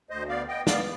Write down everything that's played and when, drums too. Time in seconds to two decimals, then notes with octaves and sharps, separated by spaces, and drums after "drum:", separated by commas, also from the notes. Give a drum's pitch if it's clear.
0.10 D2 C5 D#5
0.28 B3 D5 F5
0.48 B3 D#5 G5
0.67 B3 D5 F5, drum: snare